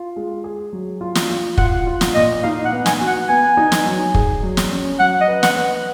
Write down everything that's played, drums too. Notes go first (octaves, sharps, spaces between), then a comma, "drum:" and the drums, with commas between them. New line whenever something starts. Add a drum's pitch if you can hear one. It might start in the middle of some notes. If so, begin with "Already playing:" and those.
Already playing: F4
G#3
G#4
F#3
F4
drum: snare
F4
F4 F#5, drum: kick
F4
drum: snare
A#2 D#5
D#4 F5
F#5
B3
G#5, drum: snare
F#4
F#5
B3 G#5
D#4
drum: snare
F#3
G#4, drum: kick
F#3
drum: snare
C#4
F#3 F#5
D#5
B4
F#5, drum: snare
B4